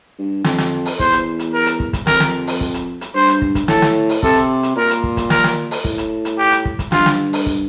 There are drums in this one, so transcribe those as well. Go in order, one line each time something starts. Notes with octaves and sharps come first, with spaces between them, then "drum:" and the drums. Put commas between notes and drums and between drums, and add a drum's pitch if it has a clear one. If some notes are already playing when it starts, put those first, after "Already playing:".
G2
F2, drum: snare
drum: snare
drum: open hi-hat
E2 C5, drum: kick
drum: hi-hat
drum: hi-hat
A#4
drum: hi-hat
drum: kick
drum: kick, hi-hat
F2 A#4, drum: snare
drum: snare
drum: open hi-hat
drum: kick
drum: hi-hat
drum: hi-hat
G2 C5
drum: hi-hat
drum: kick
drum: kick, hi-hat
A2 A4, drum: snare
drum: snare
drum: open hi-hat
C3 A4, drum: kick
drum: hi-hat
drum: hi-hat
A#2 A#4
drum: hi-hat
drum: kick
drum: kick, hi-hat
A#4, drum: snare
drum: snare
drum: open hi-hat
A2, drum: kick
drum: hi-hat
drum: hi-hat
G4
drum: hi-hat
drum: kick
drum: kick, hi-hat
G2 F4, drum: snare
drum: snare
drum: open hi-hat
drum: kick